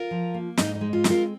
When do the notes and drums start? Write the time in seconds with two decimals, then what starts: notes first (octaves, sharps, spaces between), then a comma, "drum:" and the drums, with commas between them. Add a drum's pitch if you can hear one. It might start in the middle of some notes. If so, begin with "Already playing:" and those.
Already playing: F4 A#4
0.11 F3
0.34 A#3
0.57 G#2 D#4, drum: snare
0.75 D#4
0.81 G#3
0.93 F4
1.04 C4, drum: snare
1.10 F4 A#4